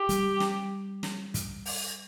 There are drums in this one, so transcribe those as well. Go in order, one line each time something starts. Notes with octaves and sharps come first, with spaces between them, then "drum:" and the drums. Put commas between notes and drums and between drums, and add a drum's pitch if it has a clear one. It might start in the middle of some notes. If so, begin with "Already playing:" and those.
Already playing: G4
G3, drum: hi-hat
drum: snare
drum: snare
drum: kick, hi-hat
drum: open hi-hat